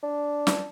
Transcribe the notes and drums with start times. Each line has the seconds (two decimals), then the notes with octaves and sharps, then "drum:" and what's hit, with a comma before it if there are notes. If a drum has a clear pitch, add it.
0.03 D4
0.47 drum: snare